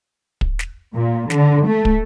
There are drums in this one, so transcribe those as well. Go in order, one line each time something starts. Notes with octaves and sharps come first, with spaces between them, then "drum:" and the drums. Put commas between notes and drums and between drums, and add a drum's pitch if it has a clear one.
drum: kick
drum: snare
A#2
D3, drum: snare
A3
drum: kick